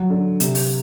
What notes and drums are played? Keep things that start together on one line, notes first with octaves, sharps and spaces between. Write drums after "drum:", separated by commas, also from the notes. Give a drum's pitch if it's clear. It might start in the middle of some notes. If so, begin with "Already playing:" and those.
Already playing: F#3
D3
C3, drum: hi-hat
drum: open hi-hat